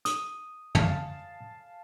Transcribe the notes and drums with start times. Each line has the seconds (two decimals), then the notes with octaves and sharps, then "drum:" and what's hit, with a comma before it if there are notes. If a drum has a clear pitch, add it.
0.05 D#6, drum: hi-hat
0.75 F5 A5, drum: tom